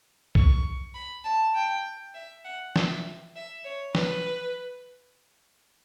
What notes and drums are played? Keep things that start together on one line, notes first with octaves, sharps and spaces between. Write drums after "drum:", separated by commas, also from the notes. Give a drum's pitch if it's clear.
C#6, drum: kick C2
B5
A5
G5
E5
F#5
E5, drum: snare
E5
C#5
B4, drum: snare